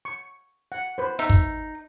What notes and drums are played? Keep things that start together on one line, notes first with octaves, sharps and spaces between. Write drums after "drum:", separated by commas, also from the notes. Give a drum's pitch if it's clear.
C#6
F#5
B4 C5
D#4 E5
drum: kick